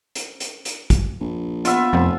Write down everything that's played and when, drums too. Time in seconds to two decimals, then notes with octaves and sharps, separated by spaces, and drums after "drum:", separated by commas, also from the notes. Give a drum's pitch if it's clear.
0.15 drum: hi-hat
0.40 drum: hi-hat
0.65 drum: hi-hat
0.90 drum: kick, hi-hat
1.20 A#1
1.65 B3 F4 E5, drum: hi-hat
1.93 F1 F2